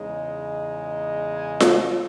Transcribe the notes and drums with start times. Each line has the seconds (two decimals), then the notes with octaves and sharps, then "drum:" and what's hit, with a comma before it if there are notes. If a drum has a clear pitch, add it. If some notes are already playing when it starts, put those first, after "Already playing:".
Already playing: E2 C#3 G#3 D#4
1.35 G#5
1.60 drum: snare F4